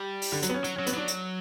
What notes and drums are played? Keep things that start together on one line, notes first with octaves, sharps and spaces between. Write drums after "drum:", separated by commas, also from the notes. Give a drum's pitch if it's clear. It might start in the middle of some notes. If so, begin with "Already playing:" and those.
Already playing: G3
drum: open hi-hat
D3
F#3, drum: hi-hat
B3
C#4
F#3, drum: hi-hat
C#4
F#3
B3, drum: hi-hat
F#3 D4
drum: hi-hat